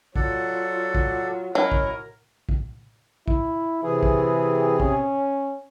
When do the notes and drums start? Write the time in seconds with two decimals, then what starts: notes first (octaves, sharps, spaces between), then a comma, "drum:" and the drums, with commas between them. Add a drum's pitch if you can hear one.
0.16 F#3 F4 A4 D5 F#5, drum: kick
0.95 drum: kick
1.55 F#3 C#4 E4 A#4 D#5
1.72 drum: kick
2.49 drum: kick
3.28 E4, drum: kick
3.83 C3 E3 G#4
4.03 drum: kick
4.80 C#4, drum: kick